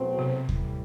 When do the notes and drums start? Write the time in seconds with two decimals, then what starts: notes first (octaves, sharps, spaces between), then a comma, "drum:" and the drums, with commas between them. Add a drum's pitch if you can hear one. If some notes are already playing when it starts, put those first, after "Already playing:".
Already playing: E2 B2 F#3 A3 C4
0.19 C3
0.49 A2 E3 G3, drum: kick